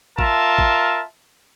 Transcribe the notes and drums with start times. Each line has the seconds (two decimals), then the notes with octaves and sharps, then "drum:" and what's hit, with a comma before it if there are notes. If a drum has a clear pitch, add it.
0.19 F4 A#4 E5 A5, drum: kick
0.58 drum: kick